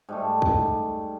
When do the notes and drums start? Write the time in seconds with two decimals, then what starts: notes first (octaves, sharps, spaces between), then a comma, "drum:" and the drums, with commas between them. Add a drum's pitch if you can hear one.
0.09 G#2 G3 A3
0.42 drum: kick